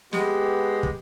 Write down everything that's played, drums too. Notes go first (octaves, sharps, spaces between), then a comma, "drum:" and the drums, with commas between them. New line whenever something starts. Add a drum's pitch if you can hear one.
G#3 B3 G4, drum: snare
drum: kick